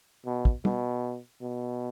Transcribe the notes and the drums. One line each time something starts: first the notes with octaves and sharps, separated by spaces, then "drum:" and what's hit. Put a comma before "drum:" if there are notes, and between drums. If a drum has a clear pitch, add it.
B2
drum: kick
B2, drum: tom
B2